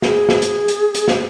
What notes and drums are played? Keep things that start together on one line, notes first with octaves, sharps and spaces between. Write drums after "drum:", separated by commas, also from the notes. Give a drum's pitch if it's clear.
G#4, drum: snare
drum: snare
drum: hi-hat
drum: hi-hat
drum: hi-hat
drum: snare